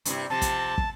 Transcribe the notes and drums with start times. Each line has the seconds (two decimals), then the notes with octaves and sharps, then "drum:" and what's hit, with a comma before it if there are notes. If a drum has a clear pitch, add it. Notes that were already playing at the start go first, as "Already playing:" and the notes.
0.05 G2 C3 E4, drum: hi-hat
0.30 C3 F3 A5
0.42 drum: kick, hi-hat
0.78 drum: kick